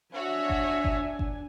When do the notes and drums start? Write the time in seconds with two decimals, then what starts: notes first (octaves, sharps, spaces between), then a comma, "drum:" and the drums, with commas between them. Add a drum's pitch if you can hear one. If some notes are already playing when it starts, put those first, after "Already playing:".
0.15 D4 F#4 C#5 E5 G#5
0.50 drum: kick G1
0.84 drum: kick G1
1.19 drum: kick G1